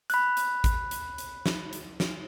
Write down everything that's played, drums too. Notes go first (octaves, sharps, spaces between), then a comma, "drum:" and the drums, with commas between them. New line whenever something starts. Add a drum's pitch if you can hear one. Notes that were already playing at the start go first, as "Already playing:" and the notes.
B5 F#6, drum: hi-hat
drum: hi-hat
drum: kick A1, hi-hat
drum: hi-hat
drum: hi-hat
drum: snare
drum: hi-hat
drum: snare